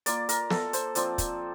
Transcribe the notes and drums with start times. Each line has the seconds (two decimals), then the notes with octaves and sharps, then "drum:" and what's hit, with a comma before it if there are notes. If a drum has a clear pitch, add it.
0.06 A#3 F4 D5, drum: hi-hat
0.29 A#4, drum: hi-hat
0.50 A4, drum: snare
0.73 C5, drum: hi-hat
0.95 F3 C4 F4 D5, drum: hi-hat
1.18 drum: kick, hi-hat